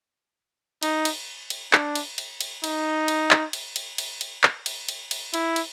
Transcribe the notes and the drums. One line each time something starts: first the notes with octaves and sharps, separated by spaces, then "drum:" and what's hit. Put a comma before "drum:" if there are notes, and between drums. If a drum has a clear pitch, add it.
D#4, drum: cymbal
drum: cymbal
drum: cymbal
D4, drum: clap
drum: cymbal
drum: cymbal
drum: cymbal
D#4, drum: cymbal
drum: cymbal
drum: clap
drum: cymbal
drum: cymbal
drum: cymbal
drum: cymbal
drum: clap
drum: cymbal
drum: cymbal
drum: cymbal
E4, drum: cymbal
drum: cymbal